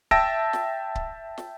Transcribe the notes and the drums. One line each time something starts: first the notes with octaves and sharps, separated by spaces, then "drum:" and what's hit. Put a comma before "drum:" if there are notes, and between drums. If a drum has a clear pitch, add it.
E5 G5 A5 E6 A#6 D7, drum: kick C#1
drum: snare
drum: kick C#1
drum: snare